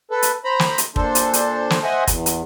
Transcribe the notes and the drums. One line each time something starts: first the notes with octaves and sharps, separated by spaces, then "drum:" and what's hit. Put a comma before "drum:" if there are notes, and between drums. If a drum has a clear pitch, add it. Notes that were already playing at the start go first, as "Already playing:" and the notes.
A4 B4
drum: hi-hat
C5 A#5 B5
drum: snare
drum: hi-hat
A#2 D4 A4 C5, drum: kick
drum: hi-hat
drum: hi-hat
drum: snare
C5 D#5 E5 F#5 G#5
E2, drum: kick, hi-hat
drum: hi-hat